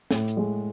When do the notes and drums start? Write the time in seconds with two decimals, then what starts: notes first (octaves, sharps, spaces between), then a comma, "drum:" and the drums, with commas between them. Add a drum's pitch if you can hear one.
0.11 A2, drum: snare
0.28 drum: hi-hat
0.37 G#3